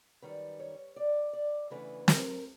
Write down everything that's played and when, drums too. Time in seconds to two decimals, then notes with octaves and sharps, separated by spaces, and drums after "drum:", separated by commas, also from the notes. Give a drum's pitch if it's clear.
0.22 F#2 D#3 G3 B4
0.59 C#5
0.96 D5
1.33 D5
1.70 E2 C#3 E3 A3 D4 B4
2.03 B4
2.08 A#4, drum: snare